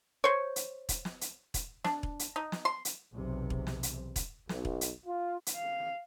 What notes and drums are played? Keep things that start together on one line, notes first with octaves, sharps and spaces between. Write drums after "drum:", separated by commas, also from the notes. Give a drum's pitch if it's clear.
C5 C#5
drum: hi-hat
drum: kick E1, hi-hat
drum: snare
drum: hi-hat
drum: kick E1, hi-hat
D4, drum: snare
drum: kick E1
drum: hi-hat
D#4
drum: snare
C6
drum: hi-hat
B1 E2 C3
drum: kick E1
drum: snare
drum: hi-hat
drum: kick E1, hi-hat
B1, drum: snare
drum: kick E1
drum: hi-hat
F4
drum: hi-hat
F5